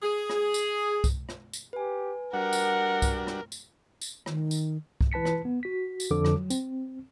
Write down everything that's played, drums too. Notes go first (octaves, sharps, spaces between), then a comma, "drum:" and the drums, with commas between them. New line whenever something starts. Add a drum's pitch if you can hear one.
G#4
drum: rim click
drum: tambourine
drum: kick C2, tambourine
drum: rim click
drum: tambourine
G4 B4 G#5
G3 D4 F#4 A#4 F#5
drum: tambourine
drum: kick C2, tambourine
drum: rim click
drum: tambourine
drum: tambourine
D#3, drum: rim click
drum: tambourine
drum: kick C2
E3 B4 A5 B6 C#7
drum: rim click
B3
F#4 B6
drum: tambourine
F2 D3 F3 A4 D6
drum: rim click
F#3
C4, drum: tambourine